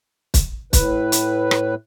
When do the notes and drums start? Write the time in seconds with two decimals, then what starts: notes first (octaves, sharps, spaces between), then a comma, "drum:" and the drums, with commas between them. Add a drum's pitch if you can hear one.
0.34 drum: kick, hi-hat
0.73 A2 B4, drum: kick, hi-hat
1.12 drum: hi-hat
1.51 drum: rim click